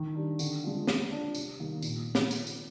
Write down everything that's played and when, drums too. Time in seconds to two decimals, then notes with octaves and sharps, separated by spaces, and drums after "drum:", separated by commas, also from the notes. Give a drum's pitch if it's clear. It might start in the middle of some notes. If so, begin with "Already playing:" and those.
Already playing: D#3
0.15 G3 D4
0.39 D3, drum: tambourine
0.64 G#3 D4 F4
0.87 G3, drum: snare
1.11 D4 F4
1.35 C3, drum: tambourine
1.59 D#3 G3 A#3
1.82 A#2, drum: tambourine
2.15 drum: snare
2.31 drum: tambourine
2.47 drum: tambourine